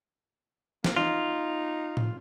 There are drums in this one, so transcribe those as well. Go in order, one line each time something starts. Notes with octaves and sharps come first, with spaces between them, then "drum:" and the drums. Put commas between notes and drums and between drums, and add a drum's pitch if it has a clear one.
A#3, drum: snare
D#4 F4
drum: tom